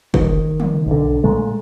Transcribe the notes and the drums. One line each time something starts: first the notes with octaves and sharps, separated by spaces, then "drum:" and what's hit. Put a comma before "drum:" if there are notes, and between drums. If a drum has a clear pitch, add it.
D#3, drum: kick
drum: tom
B1 D3
A#2 G#3 A3